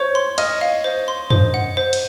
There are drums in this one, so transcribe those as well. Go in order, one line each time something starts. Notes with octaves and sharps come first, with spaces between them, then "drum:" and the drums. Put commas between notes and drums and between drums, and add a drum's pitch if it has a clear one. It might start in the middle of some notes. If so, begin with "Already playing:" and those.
Already playing: C5 C#5
C6
D#5 F6, drum: cymbal
F5
C5
C6
C5, drum: tom F#2
F#5
C5
drum: cymbal